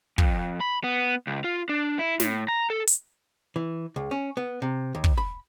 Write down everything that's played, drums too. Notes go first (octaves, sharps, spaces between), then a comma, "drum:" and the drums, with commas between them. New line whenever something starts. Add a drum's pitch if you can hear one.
F2, drum: kick
B5
B3
C#2
F4
D4
E4
A2, drum: snare
A#5
A4
drum: hi-hat
E3
C#2
C#4
B3
C3
D#2
drum: kick
B5